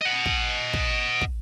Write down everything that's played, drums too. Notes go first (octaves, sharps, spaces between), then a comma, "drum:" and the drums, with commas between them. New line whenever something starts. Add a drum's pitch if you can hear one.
D#5 F#5
drum: kick
drum: kick
drum: kick